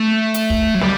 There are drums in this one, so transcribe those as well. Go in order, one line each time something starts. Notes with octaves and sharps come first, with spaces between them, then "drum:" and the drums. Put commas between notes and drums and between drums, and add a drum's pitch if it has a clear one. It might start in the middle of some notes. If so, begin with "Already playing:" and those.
Already playing: A3
drum: hi-hat
drum: kick
F#3
G3, drum: snare